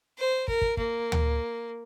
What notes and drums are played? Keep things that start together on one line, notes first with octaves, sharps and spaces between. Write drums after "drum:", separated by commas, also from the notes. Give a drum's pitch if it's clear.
C5
A#4, drum: kick
drum: kick
A#3, drum: kick
drum: tom D2